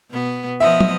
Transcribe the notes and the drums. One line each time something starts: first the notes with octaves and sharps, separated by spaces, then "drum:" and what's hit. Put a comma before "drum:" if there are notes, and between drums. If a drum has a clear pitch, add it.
B2 B3
F3 B3 D#5 E5
drum: tom